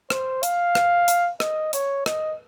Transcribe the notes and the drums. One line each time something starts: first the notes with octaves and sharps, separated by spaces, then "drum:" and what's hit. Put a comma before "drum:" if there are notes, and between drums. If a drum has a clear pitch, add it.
C5, drum: rim click
F5, drum: hi-hat
drum: rim click
drum: hi-hat
D#5, drum: rim click
C#5, drum: hi-hat
D#5, drum: rim click